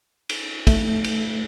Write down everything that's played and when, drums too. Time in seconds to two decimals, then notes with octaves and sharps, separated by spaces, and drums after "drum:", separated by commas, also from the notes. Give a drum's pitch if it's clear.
0.29 drum: cymbal
0.67 A3, drum: kick, cymbal
1.04 drum: cymbal